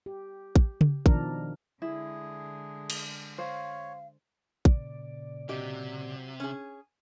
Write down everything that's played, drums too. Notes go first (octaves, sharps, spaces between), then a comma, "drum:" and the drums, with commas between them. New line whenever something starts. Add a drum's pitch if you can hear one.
G4
drum: kick
drum: tom C#3
B2 D#3 F3 D4 A#4, drum: kick
D3 G#3 E4 G#4
drum: cymbal
C5 C#5 F5
A#2 C#3 D5, drum: kick
C3 F#3 G4 D#5
C#4 G#4